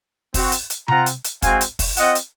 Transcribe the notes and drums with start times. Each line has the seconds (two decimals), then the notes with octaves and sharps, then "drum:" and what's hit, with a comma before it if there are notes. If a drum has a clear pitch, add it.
0.34 C4 F#4, drum: kick, open hi-hat
0.52 drum: hi-hat
0.70 drum: hi-hat
0.88 C4 F4 F#5 A#5, drum: tom C3
1.06 drum: hi-hat
1.25 drum: hi-hat
1.42 G#3 C4 F#4 F5 G#5, drum: kick, hi-hat
1.61 drum: hi-hat
1.79 drum: kick, open hi-hat
1.97 C4 F4 D#5 F#5, drum: hi-hat
2.15 drum: hi-hat